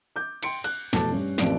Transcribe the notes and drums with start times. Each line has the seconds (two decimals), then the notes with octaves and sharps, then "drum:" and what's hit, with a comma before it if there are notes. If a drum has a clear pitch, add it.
0.16 D6 G6
0.43 G5 C6 C#7 D7, drum: cymbal
0.64 F#6, drum: cymbal
0.93 F1 E2 B2 A4 A5 D6, drum: snare
1.12 G2 C#4
1.38 A1 F2 A#3 D5 A5 D7, drum: snare